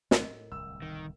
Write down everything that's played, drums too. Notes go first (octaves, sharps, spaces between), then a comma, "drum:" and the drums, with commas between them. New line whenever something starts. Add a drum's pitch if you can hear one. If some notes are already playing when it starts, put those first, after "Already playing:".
G#1 C3 A#4 D#5, drum: snare
A2
D1 C2 E6
D#3